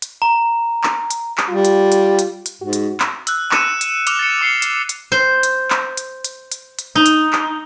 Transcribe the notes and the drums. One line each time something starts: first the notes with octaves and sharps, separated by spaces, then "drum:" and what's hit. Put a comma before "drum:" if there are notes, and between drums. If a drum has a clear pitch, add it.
drum: hi-hat
A#5
drum: clap
drum: hi-hat
drum: clap
G3 F4
drum: hi-hat
drum: hi-hat
drum: hi-hat
drum: hi-hat
G#2 F#4
drum: hi-hat
drum: clap
E6 F#6, drum: hi-hat
F#6 C#7 D#7 E7, drum: clap
drum: hi-hat
D6 F6 F7 G7, drum: hi-hat
A6 C#7
D6 C7 C#7 G7
drum: hi-hat
drum: hi-hat
C5
drum: hi-hat
drum: clap
drum: hi-hat
drum: hi-hat
drum: hi-hat
drum: hi-hat
D#4
drum: hi-hat
drum: clap